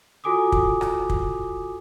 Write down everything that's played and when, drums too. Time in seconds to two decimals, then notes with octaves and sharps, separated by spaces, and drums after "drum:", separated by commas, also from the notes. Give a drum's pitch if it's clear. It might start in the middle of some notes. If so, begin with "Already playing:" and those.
0.24 F4 F#4 A4 G#5 D6 D#6
0.52 drum: kick
0.81 drum: rim click
1.10 drum: kick